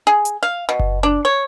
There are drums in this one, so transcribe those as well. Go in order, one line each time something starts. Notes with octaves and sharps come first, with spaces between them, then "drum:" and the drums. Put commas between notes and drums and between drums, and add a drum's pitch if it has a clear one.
G#4
drum: hi-hat
F5
B2
drum: kick F#1
D4
C#5